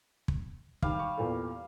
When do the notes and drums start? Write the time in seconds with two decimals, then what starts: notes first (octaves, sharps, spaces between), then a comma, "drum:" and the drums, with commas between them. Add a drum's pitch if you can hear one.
0.28 drum: kick
0.82 D#3 G3 F5, drum: kick
0.99 C#6
1.17 E2 A#2 A4